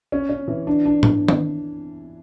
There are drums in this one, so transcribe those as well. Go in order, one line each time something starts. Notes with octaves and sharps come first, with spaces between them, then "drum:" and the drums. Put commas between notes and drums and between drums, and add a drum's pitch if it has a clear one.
C#4
C#4
E3
D4
D4
D4, drum: tom G#2
drum: tom D#3